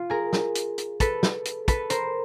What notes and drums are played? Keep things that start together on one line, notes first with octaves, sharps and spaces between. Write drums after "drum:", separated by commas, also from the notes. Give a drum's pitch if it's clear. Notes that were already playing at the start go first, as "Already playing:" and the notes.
Already playing: F4
G#4 A#4
drum: snare
drum: hi-hat
drum: hi-hat
A4 B4, drum: kick, hi-hat
drum: snare
drum: hi-hat
A4 B4, drum: kick, hi-hat
A#4 C5, drum: hi-hat